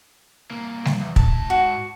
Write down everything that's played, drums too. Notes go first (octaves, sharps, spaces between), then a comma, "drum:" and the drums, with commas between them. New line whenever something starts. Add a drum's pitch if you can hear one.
C2 A#3
drum: snare G3
E2
G#2 A5, drum: kick
F#4